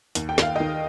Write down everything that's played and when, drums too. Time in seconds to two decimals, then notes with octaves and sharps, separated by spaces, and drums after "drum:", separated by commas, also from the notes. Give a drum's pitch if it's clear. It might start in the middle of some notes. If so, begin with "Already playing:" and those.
0.15 D#2, drum: hi-hat
0.29 G5
0.38 D#2 F5, drum: snare
0.56 D#3 D#5 G5